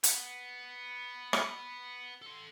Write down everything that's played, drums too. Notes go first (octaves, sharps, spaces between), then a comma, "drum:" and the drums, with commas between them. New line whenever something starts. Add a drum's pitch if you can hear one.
B3, drum: hi-hat
drum: rim click
A4 C6